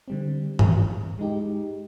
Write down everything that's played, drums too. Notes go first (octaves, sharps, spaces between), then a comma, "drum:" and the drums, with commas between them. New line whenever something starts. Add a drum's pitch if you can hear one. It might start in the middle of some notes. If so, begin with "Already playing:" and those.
D3 G3 C4
drum: tom G2
G#3 D#4 G4